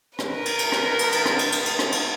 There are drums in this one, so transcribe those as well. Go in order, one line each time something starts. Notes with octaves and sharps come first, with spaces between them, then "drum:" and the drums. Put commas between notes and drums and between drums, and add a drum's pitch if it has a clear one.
A#4 B4, drum: rim click
drum: cymbal
drum: cymbal
drum: rim click
drum: cymbal
drum: cymbal
drum: rim click
drum: cymbal
drum: cymbal
drum: cymbal
drum: rim click
drum: cymbal